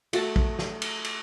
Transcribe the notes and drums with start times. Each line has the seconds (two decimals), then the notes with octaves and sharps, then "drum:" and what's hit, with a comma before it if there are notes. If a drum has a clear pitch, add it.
0.13 A3 F#4 F#5 A5, drum: cymbal
0.36 drum: kick A#1
0.59 drum: snare
0.82 drum: cymbal
1.04 drum: cymbal